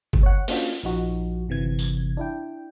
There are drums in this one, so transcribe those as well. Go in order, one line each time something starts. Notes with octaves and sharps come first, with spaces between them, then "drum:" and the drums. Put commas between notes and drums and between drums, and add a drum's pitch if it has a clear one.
drum: kick G1
C#5 F#5
A#3 C#4 D4 F4 F#4, drum: open hi-hat
A#1 F3 D#4 F#4
G1 C3 E3 G#6
drum: tambourine
D4 E4 G5